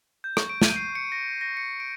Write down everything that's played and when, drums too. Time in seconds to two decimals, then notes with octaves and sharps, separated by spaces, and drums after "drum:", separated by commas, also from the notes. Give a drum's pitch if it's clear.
0.24 G6
0.37 C#6, drum: rim click
0.49 D7
0.62 D#7, drum: snare
0.76 C7
0.95 C#7
1.12 A#6
1.41 A#6
1.57 C#7
1.80 D7